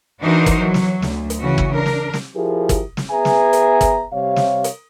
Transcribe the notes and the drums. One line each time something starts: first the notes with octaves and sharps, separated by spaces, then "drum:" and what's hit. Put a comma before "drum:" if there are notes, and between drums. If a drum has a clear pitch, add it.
E3 D4 D#4 F#4 A#4 C5
drum: kick, hi-hat
E3 F#3
drum: snare
D2, drum: snare
drum: hi-hat
C#3 E3 F#4
drum: kick
D4 A#4
drum: snare
drum: snare
F3 E4 G4 G#4 A#4
drum: kick, hi-hat
drum: snare
B3 G#4 B4 E5 G#5 A#5
drum: snare
drum: hi-hat
drum: kick, hi-hat
C3 G3 C#5 F5
drum: snare
drum: hi-hat